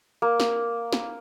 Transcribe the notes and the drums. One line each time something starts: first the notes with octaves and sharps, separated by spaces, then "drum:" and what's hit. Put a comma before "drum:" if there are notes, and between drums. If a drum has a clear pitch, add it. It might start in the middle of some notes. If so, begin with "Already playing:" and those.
A#3
drum: snare
drum: snare